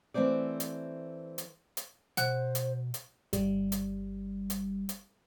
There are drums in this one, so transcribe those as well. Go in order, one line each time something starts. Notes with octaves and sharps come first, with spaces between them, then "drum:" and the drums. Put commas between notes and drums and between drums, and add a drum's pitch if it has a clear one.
E3 A3 C4 C5 D5
drum: hi-hat
drum: hi-hat
drum: hi-hat
B2 C5 F#5 F#6, drum: hi-hat
drum: hi-hat
drum: hi-hat
G1 G3, drum: kick, hi-hat
drum: hi-hat
drum: hi-hat
drum: hi-hat